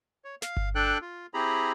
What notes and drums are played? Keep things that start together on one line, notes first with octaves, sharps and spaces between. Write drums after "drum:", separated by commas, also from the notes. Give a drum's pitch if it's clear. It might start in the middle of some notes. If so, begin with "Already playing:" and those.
C#5
F5, drum: snare
drum: kick G1
D4 A4 G5 F#6
F4
C4 E4 G4 G#4 A#5 B5